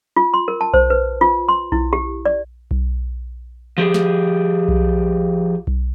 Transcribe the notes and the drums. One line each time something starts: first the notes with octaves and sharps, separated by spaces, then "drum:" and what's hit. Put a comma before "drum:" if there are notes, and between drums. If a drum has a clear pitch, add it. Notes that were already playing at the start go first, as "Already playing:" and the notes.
F4
C6
A#4
A5
C5, drum: kick B1
B4
F4
C6
E4, drum: kick B1
G4
D5
drum: kick B1
F3 G4 G#4
drum: snare
drum: kick B1
drum: kick B1